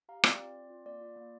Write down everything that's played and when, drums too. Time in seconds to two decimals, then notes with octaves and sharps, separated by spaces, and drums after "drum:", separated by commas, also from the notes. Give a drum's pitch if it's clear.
0.09 G4 F5 A#5
0.24 C4 D5, drum: rim click
0.40 F4
0.55 C4
0.70 F4
0.86 A#3 D5
1.01 F4
1.16 A#3